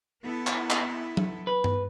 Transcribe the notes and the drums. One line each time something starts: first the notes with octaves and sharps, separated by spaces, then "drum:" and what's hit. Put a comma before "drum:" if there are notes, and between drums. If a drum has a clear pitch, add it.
B3 E4 A4
drum: clap
drum: clap
drum: tom F#3
B4
drum: tom G2